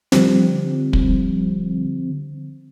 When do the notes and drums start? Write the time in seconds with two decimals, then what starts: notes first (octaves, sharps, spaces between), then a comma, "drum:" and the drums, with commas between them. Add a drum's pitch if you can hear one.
0.12 D3 F3 G3 C4, drum: snare
0.93 drum: kick